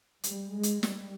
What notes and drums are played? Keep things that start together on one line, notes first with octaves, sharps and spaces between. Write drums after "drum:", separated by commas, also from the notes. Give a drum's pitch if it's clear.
G3, drum: hi-hat
G#3
drum: hi-hat
G3, drum: snare